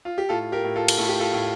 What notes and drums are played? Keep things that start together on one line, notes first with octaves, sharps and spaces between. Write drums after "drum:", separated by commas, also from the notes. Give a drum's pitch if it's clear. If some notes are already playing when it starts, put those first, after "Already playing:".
F4
G4
A2 F4 A4
G4 A#4
A2
F4 A4
drum: cymbal
A2 A4
G4
F4 A4
A2